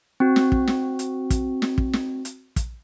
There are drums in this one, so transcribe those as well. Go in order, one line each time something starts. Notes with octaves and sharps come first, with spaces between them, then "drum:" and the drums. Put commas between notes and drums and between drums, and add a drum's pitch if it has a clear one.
C4 F#4
drum: snare
drum: kick
drum: snare
drum: hi-hat
drum: kick, hi-hat
drum: snare
drum: kick
drum: snare
drum: hi-hat
drum: kick, hi-hat